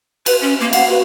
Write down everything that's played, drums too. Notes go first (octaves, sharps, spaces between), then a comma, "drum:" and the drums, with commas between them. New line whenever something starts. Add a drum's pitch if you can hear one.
B4, drum: cymbal
C#4
A#3
F5 F#5, drum: cymbal
F#4 B4